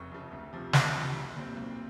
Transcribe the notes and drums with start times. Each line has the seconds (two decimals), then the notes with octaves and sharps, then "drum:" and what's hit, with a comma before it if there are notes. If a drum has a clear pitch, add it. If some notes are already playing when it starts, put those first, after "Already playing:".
Already playing: F1 F2 C#3 C#6
0.11 F2 C#3
0.31 D2
0.53 C3 F3
0.73 D2 C6, drum: snare
0.95 C3 F3
1.15 B1 B5
1.36 A#2 G3 C4
1.57 B1